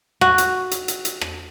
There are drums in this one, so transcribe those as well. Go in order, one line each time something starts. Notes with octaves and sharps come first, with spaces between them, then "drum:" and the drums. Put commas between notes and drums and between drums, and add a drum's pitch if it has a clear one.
F#4, drum: rim click
drum: hi-hat
drum: hi-hat
drum: hi-hat
drum: hi-hat
drum: rim click